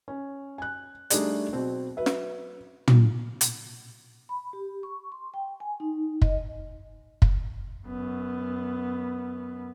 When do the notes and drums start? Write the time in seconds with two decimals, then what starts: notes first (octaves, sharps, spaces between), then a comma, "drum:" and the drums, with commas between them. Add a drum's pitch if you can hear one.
0.08 C#4
0.58 G#5 F#6
1.10 G3 A3 D4 D#4 G#4 D5, drum: hi-hat
1.53 B2 F#3 C4
1.97 F#3 B4 E5
2.06 drum: snare
2.88 drum: tom
3.41 drum: hi-hat
4.29 B5
4.53 G4
4.83 C#6
5.12 C6
5.34 G5
5.60 G#5
5.80 D#4
6.22 D#5, drum: kick
7.22 drum: kick
7.87 F#2 B3